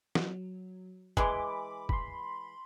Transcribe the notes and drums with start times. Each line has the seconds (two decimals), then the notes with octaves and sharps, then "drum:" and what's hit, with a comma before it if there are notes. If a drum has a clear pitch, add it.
0.15 F#3, drum: snare
1.17 E3 G#3 B5 D6, drum: kick
1.89 B5 C6, drum: kick